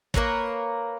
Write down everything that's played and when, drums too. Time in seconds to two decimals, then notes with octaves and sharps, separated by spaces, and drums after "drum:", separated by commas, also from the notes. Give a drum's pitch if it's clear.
0.14 A#3 A#4 B4 C#5, drum: kick